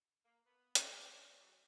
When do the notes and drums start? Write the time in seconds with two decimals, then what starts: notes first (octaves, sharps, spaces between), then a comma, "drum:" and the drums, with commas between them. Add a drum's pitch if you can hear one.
0.25 A#3
0.46 B3
0.75 drum: hi-hat
0.95 D5
1.20 C#3
1.40 F#3